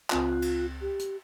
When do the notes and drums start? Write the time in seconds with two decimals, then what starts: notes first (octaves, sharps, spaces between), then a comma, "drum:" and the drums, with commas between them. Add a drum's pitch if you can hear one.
0.10 C#2 C4 F4 F#6, drum: clap
0.42 drum: cymbal
0.81 G4
0.99 drum: hi-hat